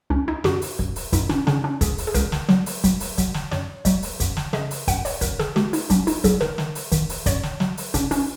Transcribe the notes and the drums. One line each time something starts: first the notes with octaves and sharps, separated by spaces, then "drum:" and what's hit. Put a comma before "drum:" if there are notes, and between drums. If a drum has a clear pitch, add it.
C#2 C#4
D#4
F#2 F#4, drum: snare
drum: open hi-hat
F#2, drum: kick
drum: open hi-hat
F#2 D#4, drum: kick, hi-hat
C#4, drum: snare
C#3 C#4, drum: snare
C#4
C#2 G#4, drum: kick, hi-hat
drum: open hi-hat
G#4
C#2 A#4, drum: kick, hi-hat
drum: snare
F#3, drum: snare
drum: open hi-hat
F#3, drum: kick, hi-hat
drum: open hi-hat
F#3, drum: kick, hi-hat
drum: snare
F#2 C#5, drum: snare
F#3 C#5, drum: kick, hi-hat
drum: open hi-hat
F#2, drum: kick, hi-hat
drum: snare
C#3 D#5, drum: snare
drum: open hi-hat
F#2 F#5, drum: kick, hi-hat
C#5, drum: open hi-hat
F#2 A#4, drum: kick, hi-hat
G#4, drum: snare
G#3 F#4, drum: snare
D#4, drum: open hi-hat
F#3 C#4, drum: kick, hi-hat
D#4, drum: open hi-hat
F#3 G#4, drum: kick, hi-hat
A#4, drum: snare
D#3, drum: snare
drum: open hi-hat
D#3, drum: kick, hi-hat
drum: open hi-hat
F#2 C#5, drum: kick, hi-hat
drum: snare
F#3, drum: snare
drum: open hi-hat
C#3 C#4, drum: kick, hi-hat
C#4, drum: open hi-hat